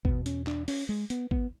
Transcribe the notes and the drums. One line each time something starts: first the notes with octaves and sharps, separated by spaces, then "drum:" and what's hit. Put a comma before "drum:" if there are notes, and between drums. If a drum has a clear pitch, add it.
E2 B2 B3, drum: kick
C#4, drum: hi-hat
D4, drum: clap
C#4, drum: open hi-hat
G#3
B3, drum: hi-hat
B3, drum: kick